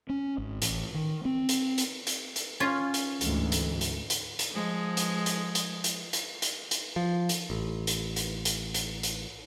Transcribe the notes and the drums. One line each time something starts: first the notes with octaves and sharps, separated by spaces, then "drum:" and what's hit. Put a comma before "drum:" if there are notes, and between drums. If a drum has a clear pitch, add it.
C#4
G#1
A1, drum: hi-hat
D#3
C4
drum: hi-hat
drum: hi-hat
drum: hi-hat
drum: hi-hat
C#4 F4
drum: hi-hat
D2 G#2 E3, drum: hi-hat
drum: hi-hat
drum: hi-hat
drum: hi-hat
drum: hi-hat
F3 G#3
drum: hi-hat
drum: hi-hat
drum: hi-hat
drum: hi-hat
drum: hi-hat
drum: hi-hat
drum: hi-hat
F3
drum: hi-hat
A1
drum: hi-hat
drum: hi-hat
drum: hi-hat
drum: hi-hat
drum: hi-hat